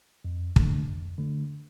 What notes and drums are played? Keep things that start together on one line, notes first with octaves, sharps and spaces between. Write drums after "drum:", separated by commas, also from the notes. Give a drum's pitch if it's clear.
F2
D3 A3, drum: kick
F2
D3 A3